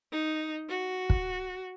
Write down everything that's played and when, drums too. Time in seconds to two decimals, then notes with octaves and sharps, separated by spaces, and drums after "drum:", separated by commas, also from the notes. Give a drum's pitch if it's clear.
0.12 D#4
0.69 F#4
1.10 drum: kick